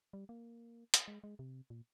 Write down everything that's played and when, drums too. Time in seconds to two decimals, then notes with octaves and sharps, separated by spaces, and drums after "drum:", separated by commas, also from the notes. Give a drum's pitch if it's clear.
0.13 G3
0.29 A#3
0.94 drum: hi-hat
1.08 G#3
1.24 G#3
1.39 C3
1.70 A#2